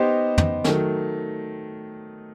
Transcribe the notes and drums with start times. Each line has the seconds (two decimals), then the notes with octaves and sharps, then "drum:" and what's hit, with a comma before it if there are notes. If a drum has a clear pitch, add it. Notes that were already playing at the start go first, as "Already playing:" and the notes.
Already playing: B3 D#4 G4 C5 D#5
0.38 drum: tom
0.64 D#3 F#3 A3, drum: snare